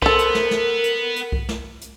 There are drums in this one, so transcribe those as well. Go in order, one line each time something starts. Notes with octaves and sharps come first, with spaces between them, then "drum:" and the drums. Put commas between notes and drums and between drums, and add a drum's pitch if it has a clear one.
B3 A4 A#4 C5, drum: kick C2
drum: hi-hat
drum: snare
drum: snare
drum: hi-hat
drum: hi-hat
drum: kick C2
drum: snare
drum: hi-hat